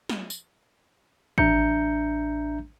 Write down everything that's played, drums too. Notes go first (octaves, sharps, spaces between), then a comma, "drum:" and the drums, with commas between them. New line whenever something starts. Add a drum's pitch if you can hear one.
drum: snare
drum: tambourine
A1 D4 E5 A#5 G6 C#7, drum: kick G#1